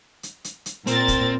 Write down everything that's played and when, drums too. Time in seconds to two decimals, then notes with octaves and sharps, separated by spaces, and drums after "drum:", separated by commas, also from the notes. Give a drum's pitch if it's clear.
0.23 drum: hi-hat
0.44 drum: hi-hat
0.66 drum: hi-hat
0.87 A#2 C4 A#4 A6, drum: hi-hat
1.08 drum: kick, hi-hat